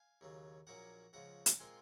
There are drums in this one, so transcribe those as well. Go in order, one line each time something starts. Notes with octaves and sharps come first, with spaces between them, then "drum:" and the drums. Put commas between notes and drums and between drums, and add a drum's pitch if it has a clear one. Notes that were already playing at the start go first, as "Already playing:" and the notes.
Already playing: F5 G#5
D#2 C#3 F#3
A#1 A#2 F#3 C#4 F#5 A#5
C#2 C#3 F3 F#5 A#5
drum: hi-hat
A#2 G#3 C4 F4 G#5 C6